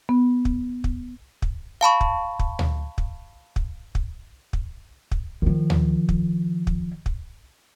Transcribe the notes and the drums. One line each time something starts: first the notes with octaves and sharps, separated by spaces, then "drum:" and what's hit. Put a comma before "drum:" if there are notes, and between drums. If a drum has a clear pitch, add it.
B3
drum: kick
drum: kick
drum: kick
F5 A5 B5 C#6
drum: kick
drum: kick
drum: tom D2
drum: kick
drum: kick
drum: kick
drum: kick
drum: kick
D#3 F3
drum: tom D2
drum: kick
drum: kick
drum: kick